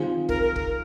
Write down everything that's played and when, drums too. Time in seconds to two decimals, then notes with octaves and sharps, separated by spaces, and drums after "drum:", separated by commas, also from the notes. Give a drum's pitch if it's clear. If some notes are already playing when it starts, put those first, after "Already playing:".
Already playing: D#3 C4 F4 G#4
0.29 A#4, drum: kick
0.42 A#4
0.56 A#4, drum: kick